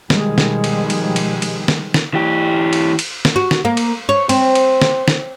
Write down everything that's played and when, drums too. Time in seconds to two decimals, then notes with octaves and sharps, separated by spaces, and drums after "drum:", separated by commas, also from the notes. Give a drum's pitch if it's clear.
0.10 B2 D#3 F3 G3 G#3, drum: snare
0.38 drum: snare
0.64 drum: cymbal
0.90 drum: cymbal
1.16 drum: cymbal
1.42 drum: cymbal
1.68 drum: snare
1.94 drum: snare
2.14 E3 G4
2.73 drum: cymbal
2.99 drum: cymbal
3.25 drum: snare
3.36 F#4
3.51 drum: snare
3.65 A#3
3.77 drum: cymbal
4.09 C#5
4.29 C4, drum: cymbal
4.55 drum: cymbal
4.82 drum: snare
5.08 drum: snare